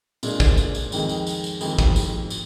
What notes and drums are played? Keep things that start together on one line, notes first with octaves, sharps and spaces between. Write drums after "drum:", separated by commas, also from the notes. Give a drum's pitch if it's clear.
A#2 G#3 D4, drum: tambourine
drum: kick, tambourine
drum: tambourine
drum: tambourine
F2 D#3 G#3, drum: tambourine
drum: tambourine
drum: tambourine
drum: tambourine
F2 D#3 G#3, drum: tambourine
drum: kick, tambourine
drum: tambourine
drum: tambourine